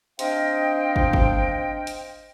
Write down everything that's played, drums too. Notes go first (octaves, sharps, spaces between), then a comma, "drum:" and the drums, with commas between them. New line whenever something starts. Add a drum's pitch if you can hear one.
C4 D4 D#5 F5 G5, drum: hi-hat
drum: kick
drum: kick
drum: hi-hat